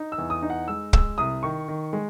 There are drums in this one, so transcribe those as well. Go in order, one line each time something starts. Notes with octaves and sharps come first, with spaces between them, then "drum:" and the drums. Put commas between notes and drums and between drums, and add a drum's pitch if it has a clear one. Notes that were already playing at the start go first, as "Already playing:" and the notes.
Already playing: D#4
E6
E2
D#6
D#4
F#5
G#3 E6
G#3 E6, drum: kick
C2 D#6
D#3 C#6
D#3
G#3